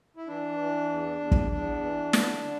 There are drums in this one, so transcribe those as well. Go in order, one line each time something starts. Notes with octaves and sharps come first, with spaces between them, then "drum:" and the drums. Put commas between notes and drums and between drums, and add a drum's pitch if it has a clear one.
E4
E3 D4
E3
E2
E2
drum: kick
E2 D4
E3
D3, drum: snare
D3